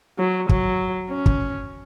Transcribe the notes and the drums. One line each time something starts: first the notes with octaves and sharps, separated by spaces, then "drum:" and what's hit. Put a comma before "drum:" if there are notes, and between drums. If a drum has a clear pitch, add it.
F#3
F#3, drum: kick
C#4
drum: kick